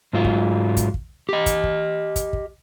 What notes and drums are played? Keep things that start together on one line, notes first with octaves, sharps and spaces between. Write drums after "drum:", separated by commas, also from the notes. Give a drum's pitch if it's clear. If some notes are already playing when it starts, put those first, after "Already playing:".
G#2 F#3 F4
drum: kick
drum: kick, hi-hat
drum: kick
G4 D#5
drum: kick, hi-hat
drum: kick
drum: kick, hi-hat
drum: kick